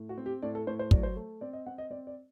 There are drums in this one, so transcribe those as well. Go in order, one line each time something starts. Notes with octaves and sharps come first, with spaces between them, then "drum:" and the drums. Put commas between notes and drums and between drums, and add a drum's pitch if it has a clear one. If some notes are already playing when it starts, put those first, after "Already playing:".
Already playing: A2
F#4
C4
G4
A2 D5
A4
A2 C5
C5
F#3 D5, drum: kick
C5
A3
C4 D5
D#5
C4 F#5
D#5
C4 D5
D5